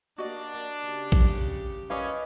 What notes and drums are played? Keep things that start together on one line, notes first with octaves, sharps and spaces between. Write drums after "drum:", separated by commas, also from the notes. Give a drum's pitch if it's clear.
A#3 D4 F#4 D5 D#5
C#3 G4
drum: kick A#1
C#4 B4 D5 D#5 F5